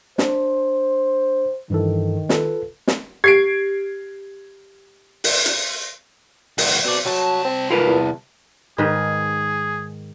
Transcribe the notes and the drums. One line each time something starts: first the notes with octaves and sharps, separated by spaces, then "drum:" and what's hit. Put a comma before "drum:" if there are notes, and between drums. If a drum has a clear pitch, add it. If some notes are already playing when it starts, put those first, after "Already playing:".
D4 C5, drum: snare
G2 D#3 E3 A4
F4 A4 B4, drum: snare
drum: snare
G4 G#6 C7 D7
drum: open hi-hat
drum: hi-hat
C#2 F#4, drum: open hi-hat
B2 C4 D5
C2 F#3 A5
C4
D#3 F4 A#4 B4
E2
G#2 D#3 G#4 B4